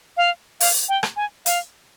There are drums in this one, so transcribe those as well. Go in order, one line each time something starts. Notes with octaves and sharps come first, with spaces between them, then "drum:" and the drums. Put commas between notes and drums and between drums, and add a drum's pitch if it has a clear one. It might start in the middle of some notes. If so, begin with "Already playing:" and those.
F5
F5, drum: open hi-hat
G5
drum: rim click
G#5
F5, drum: hi-hat